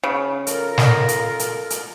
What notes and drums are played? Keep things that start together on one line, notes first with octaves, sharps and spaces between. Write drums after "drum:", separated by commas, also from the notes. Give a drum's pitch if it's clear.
C#3
F4 A4 A#4, drum: hi-hat
drum: snare
drum: hi-hat
drum: hi-hat
drum: hi-hat